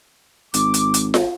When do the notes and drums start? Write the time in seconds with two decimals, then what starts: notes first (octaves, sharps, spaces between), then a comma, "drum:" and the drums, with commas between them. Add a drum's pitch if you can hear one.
0.54 G#1 D6, drum: hi-hat
0.74 drum: hi-hat
0.94 drum: hi-hat
1.14 drum: snare F4